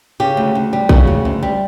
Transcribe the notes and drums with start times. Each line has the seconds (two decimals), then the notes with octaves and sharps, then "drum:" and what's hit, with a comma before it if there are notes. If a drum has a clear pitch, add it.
0.20 C#3 G4
0.37 D2
0.55 D2
0.73 G3
0.89 C#3 F#4, drum: kick
1.07 D2
1.25 D2
1.43 G3